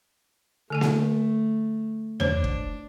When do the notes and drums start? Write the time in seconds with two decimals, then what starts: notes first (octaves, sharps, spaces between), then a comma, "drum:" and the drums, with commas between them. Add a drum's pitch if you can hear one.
0.70 D3 A3 A4 G#5
0.81 drum: snare A#3
2.20 D4 C5 C#5, drum: tom E2
2.44 drum: kick